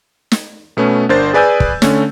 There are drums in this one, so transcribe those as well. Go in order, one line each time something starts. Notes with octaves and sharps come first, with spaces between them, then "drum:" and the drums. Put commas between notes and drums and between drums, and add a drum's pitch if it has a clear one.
drum: snare
B2 A3 B3 C#4
G1 D4 A#4 C5 A6
G#4 B4 D5 G#5 E6 G6
drum: kick
D3 A3 C#4, drum: snare